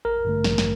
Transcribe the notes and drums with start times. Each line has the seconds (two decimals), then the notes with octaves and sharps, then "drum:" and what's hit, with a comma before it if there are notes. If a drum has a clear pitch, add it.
0.05 A1 A#4
0.25 G2 D3 A3
0.44 A1, drum: snare
0.58 drum: snare